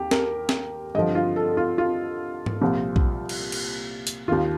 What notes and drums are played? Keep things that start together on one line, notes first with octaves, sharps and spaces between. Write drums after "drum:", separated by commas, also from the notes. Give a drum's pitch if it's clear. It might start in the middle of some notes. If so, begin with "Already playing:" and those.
Already playing: D#2 G4
A#4, drum: snare C4
drum: snare C4
G2 D3 F3 D#5
F4
A4
F4
F4
drum: tom G#2
C2 A#2 F3
drum: kick A#1
drum: cymbal
drum: cymbal
drum: hi-hat
D#2 D#3 F4